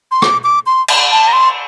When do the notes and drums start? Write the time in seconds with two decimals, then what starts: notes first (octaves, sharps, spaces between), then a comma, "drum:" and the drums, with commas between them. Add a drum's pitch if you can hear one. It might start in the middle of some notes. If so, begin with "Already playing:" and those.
0.11 C6
0.22 D6, drum: rim click
0.44 D6
0.66 C6
0.88 drum: cymbal
1.12 A5
1.28 A#5
1.33 C6